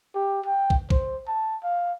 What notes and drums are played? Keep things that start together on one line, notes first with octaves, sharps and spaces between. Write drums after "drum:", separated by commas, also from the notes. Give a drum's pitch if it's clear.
G4
G5
drum: kick
C5, drum: kick
A5
F5